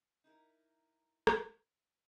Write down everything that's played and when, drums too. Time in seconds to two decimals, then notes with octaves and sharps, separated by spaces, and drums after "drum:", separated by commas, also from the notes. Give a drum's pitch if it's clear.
0.24 D#4 E4 A4 A#4
1.27 drum: rim click